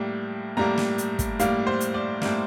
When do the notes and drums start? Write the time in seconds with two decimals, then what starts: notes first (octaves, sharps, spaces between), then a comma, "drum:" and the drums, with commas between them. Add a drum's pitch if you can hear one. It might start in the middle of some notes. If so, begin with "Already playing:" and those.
Already playing: A2 G3 A#3 G5
0.57 A2 G3 A#3 A#5
0.78 drum: snare
0.98 drum: hi-hat
1.19 drum: kick, hi-hat
1.39 A2 G3 A#3 F5, drum: hi-hat
1.67 C5
1.80 drum: hi-hat
1.94 D5
2.22 A2 G3 A#3, drum: snare